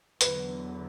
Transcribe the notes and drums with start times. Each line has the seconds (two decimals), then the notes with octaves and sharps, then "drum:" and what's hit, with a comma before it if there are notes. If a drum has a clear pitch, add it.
0.21 E2 D3 F#3 B3 B4, drum: hi-hat